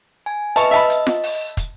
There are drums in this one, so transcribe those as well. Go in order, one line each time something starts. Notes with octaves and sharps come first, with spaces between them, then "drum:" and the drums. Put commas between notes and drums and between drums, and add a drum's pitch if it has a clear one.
G#5
B4 D#5 E5 A5 C#6, drum: hi-hat
D#5 E5 A5 B5
drum: hi-hat
drum: snare F4
drum: open hi-hat
drum: kick, hi-hat